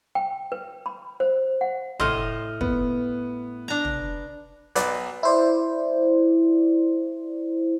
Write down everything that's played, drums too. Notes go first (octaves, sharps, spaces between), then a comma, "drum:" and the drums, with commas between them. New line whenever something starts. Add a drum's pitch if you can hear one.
G5
B4
B5
C5
F#5
A2 D#5 C6 F6, drum: tom
B3, drum: kick
D4 A#5
drum: tom
B1 B4 D5, drum: hi-hat
E4 C5 D5